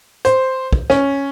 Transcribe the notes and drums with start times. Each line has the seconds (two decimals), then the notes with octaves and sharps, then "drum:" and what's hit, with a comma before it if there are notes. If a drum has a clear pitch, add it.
0.25 C5, drum: hi-hat
0.73 drum: kick
0.90 C#4, drum: snare